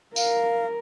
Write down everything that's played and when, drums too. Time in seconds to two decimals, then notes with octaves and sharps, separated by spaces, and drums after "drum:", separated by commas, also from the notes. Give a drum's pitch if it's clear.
0.16 A#4 F5, drum: tambourine